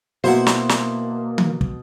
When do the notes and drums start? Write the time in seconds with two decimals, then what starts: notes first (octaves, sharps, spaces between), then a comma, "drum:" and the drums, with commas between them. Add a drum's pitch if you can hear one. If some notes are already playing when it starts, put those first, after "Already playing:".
0.24 B2 A#3 E4 C5 F5 F#5
0.47 drum: snare
0.69 drum: snare
1.38 drum: tom D#3
1.61 drum: kick